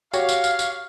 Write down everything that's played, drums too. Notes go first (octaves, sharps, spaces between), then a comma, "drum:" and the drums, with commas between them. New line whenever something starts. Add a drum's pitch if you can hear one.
F#4 G4 C#5 F5, drum: tambourine
drum: tambourine
drum: tambourine
drum: tambourine